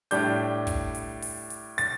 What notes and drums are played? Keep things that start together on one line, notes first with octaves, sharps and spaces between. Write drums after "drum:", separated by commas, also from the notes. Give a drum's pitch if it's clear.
A2 G3 D4 G6, drum: hi-hat
drum: kick, hi-hat
drum: hi-hat
drum: open hi-hat
drum: hi-hat
A6, drum: hi-hat